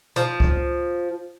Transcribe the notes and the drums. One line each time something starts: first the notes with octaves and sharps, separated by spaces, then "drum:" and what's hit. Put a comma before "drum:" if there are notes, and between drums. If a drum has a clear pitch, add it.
F3, drum: hi-hat
drum: kick C2